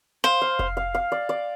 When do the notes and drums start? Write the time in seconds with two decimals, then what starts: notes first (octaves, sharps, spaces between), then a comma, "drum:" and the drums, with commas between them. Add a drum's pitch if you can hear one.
0.24 C5 F5
0.42 F5
0.59 F5, drum: kick F1
0.77 F5
0.95 F5
1.12 D5
1.29 D5